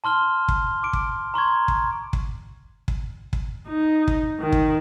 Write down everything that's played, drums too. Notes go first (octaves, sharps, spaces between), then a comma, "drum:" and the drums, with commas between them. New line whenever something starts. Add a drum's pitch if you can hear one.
A5 C6 F6 G7
drum: kick
D6 D7
drum: kick
A#5 C6 C#6 G#6
drum: kick
drum: kick
drum: kick
drum: kick
D#4
drum: kick
D#3
drum: kick